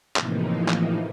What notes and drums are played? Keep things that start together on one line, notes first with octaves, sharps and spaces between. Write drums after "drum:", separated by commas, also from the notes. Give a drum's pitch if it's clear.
A2 C3 E3 F3 A#3 D#4, drum: clap
drum: clap